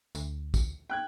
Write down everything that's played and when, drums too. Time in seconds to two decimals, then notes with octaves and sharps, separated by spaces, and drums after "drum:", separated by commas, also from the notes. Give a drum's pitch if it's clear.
0.15 D2, drum: tambourine
0.54 drum: kick, tambourine
0.90 G5 F#6 G#6